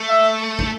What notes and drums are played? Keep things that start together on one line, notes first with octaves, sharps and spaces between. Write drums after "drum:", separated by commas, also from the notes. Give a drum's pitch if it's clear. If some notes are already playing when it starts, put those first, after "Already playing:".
Already playing: A3
E5
drum: kick